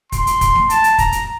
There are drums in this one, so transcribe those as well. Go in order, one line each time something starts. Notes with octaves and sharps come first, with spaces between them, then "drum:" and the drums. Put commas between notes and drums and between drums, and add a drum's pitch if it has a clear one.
C6, drum: kick, hi-hat
drum: hi-hat
drum: kick, hi-hat
drum: snare
A5, drum: hi-hat
drum: hi-hat
A#5, drum: kick, hi-hat
drum: hi-hat